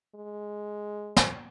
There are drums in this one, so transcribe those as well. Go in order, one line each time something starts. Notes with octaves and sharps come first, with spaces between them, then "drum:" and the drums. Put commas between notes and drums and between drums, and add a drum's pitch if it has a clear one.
G#3
drum: snare